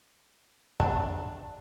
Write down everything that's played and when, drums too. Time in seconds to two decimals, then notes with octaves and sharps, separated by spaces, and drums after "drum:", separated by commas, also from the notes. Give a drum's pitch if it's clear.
0.80 D4, drum: kick